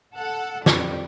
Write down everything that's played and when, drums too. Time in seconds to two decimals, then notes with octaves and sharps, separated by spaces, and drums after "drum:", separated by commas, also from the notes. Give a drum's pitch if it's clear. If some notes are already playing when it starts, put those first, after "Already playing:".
0.17 A4 F#5
0.66 F2 G3, drum: snare